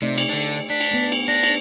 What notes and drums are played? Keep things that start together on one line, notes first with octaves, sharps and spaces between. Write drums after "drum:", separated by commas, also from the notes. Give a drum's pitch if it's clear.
C3 A3 D#4 D5
drum: cymbal
D3 D4
D4 B6
drum: cymbal
A3 B3
drum: cymbal
D4 A#6
drum: cymbal